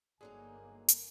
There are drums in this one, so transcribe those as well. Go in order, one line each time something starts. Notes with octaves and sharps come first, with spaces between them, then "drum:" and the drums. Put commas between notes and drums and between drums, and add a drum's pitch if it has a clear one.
G1 D3 F#3 A#3 D#4 G#4 G#5
drum: hi-hat